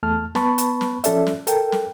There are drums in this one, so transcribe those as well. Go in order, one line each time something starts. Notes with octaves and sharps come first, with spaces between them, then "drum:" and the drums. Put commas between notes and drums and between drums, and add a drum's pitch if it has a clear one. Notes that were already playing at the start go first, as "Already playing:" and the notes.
E2 A3 A5 F6
B3 B4 A5 B5 C#6, drum: snare
drum: hi-hat
drum: snare
F3 C#4 A4 D5 E5, drum: hi-hat
drum: snare
A4 A#4 G5, drum: hi-hat
drum: snare